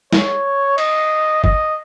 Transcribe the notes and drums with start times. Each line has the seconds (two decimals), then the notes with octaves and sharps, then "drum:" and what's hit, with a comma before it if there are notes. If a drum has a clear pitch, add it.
0.13 C#5, drum: snare
0.78 D#5, drum: cymbal
1.44 D#5, drum: kick F#1